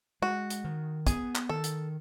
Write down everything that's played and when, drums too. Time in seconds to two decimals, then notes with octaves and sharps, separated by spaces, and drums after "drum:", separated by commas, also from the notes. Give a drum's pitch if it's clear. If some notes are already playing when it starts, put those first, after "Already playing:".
0.22 G#3 F#4
0.50 drum: hi-hat
0.64 D#3
1.07 B3 G#4, drum: kick, hi-hat
1.35 drum: clap
1.49 D#3 A4
1.64 drum: hi-hat